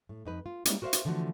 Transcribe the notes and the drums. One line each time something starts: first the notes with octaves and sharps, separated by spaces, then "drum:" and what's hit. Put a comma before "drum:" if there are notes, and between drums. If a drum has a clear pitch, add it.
A2
F2 D#4 B4
F4
G3 G#3 A#3 C#4 D#4 E4, drum: hi-hat
F#4 A#4 C5 C#5 E5 F5
drum: hi-hat
D3 E3 F3 A3 F#4